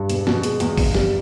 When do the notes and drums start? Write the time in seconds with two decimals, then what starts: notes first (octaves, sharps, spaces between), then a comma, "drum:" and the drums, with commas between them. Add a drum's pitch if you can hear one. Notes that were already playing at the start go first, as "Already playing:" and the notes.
Already playing: G2
0.10 E1, drum: hi-hat
0.27 B2, drum: snare
0.43 G#3, drum: hi-hat
0.60 E2, drum: hi-hat
0.78 G1, drum: kick G#1, open hi-hat
0.95 G3, drum: snare